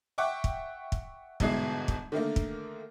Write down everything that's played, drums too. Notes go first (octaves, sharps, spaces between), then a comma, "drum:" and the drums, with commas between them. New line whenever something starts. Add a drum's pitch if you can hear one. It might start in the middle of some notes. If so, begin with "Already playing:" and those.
E5 F#5 G5 C#6 D6
drum: kick
drum: kick
G1 G#2 B2 E3 G#3 C7, drum: kick
drum: kick
D3 D#3 A3 A#3
drum: kick